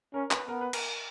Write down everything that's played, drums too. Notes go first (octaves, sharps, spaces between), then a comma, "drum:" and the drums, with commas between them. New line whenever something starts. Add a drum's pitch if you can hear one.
C#4 A#4
B4, drum: clap
B3 A#4
B4
A#4, drum: cymbal